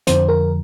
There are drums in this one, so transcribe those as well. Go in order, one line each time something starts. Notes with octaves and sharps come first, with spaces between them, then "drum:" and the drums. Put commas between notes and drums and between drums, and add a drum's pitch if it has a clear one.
F2 D3 F3 C5, drum: hi-hat
A#4